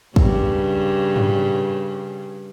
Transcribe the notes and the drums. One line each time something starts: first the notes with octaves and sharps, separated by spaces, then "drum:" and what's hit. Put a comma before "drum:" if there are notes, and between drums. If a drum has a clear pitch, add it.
G2 C#3, drum: kick
drum: tom G2